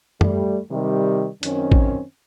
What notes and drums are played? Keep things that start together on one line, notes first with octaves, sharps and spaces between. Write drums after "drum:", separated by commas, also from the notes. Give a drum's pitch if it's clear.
G3 A3, drum: tom F#2
C3 D#3 G3
F#2 D#3 C4 C#4, drum: hi-hat
drum: kick A1